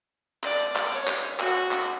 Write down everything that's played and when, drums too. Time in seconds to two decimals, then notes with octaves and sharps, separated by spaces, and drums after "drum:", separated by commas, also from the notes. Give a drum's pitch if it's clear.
0.44 D5, drum: clap
0.60 drum: hi-hat
0.76 drum: clap
0.92 C#5, drum: hi-hat
1.08 drum: clap
1.23 drum: hi-hat
1.40 F#4, drum: clap
1.55 drum: hi-hat
1.71 drum: clap